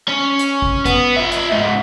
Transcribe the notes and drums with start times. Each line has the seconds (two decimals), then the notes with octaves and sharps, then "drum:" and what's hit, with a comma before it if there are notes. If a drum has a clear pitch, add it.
0.08 C#4
0.39 drum: hi-hat
0.62 drum: kick G#1
0.85 B3, drum: kick G#1, hi-hat
1.16 F4 E5
1.32 drum: hi-hat
1.52 C#2 G#2